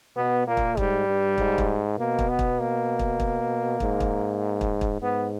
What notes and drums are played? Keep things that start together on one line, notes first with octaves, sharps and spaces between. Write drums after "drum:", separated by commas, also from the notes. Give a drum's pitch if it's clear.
B2 B3
A#2 A#3
drum: kick
G#2 G3, drum: kick
G2
G#2, drum: kick
drum: kick
B2 A#3
drum: kick
B3
drum: kick
A#3
drum: kick
drum: kick
G#2, drum: kick
drum: kick
drum: kick
drum: kick
G#2 B3